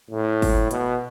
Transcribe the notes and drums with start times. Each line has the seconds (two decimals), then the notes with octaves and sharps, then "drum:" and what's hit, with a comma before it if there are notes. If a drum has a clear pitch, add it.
0.10 A2
0.42 drum: kick G1, open hi-hat
0.71 B2, drum: hi-hat